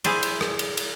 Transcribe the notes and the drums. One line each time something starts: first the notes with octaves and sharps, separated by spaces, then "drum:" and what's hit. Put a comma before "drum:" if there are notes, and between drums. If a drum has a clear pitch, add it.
E4 G#4 C5 D5, drum: cymbal
drum: cymbal
drum: rim click
drum: cymbal
drum: cymbal